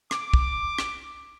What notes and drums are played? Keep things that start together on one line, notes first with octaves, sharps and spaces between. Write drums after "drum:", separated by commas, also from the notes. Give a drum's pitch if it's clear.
D6, drum: rim click
drum: kick
drum: rim click